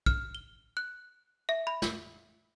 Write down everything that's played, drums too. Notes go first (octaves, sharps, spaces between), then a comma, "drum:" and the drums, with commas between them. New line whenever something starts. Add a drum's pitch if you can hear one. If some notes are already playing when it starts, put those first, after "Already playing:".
F6, drum: kick
G7
F#6
E5
B5
drum: snare